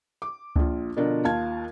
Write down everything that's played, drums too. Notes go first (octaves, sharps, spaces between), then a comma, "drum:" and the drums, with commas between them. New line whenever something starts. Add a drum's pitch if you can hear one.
D6
A#1 F4, drum: kick C#2
B2 D3 F3 D4 F4 A#4
D#2 F4 F5 A5 G#6